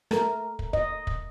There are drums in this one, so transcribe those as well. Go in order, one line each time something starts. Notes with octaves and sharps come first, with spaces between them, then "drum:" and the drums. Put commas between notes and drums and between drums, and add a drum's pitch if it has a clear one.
A3 A#4, drum: rim click
drum: kick
D#5, drum: kick
drum: kick